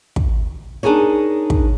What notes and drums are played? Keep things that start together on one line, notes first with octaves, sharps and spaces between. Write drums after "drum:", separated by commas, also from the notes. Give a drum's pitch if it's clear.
drum: kick
D4 D#4 G#4 A#4 C#5
drum: kick